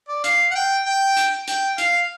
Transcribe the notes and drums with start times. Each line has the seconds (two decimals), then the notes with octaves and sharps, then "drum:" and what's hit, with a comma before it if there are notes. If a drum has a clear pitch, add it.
0.08 D5
0.24 F5, drum: hi-hat
0.51 F#5
0.55 G5
0.86 G5
1.17 drum: hi-hat
1.48 G5, drum: hi-hat
1.78 F5, drum: hi-hat